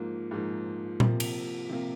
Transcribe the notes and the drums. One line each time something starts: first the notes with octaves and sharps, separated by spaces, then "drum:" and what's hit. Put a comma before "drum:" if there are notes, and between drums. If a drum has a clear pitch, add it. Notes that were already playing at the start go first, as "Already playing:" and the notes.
Already playing: G#2 F3 A#3
G#2 F3 A#3
C3 F3 A#3, drum: tom A#2
drum: cymbal
C3 F3 A#3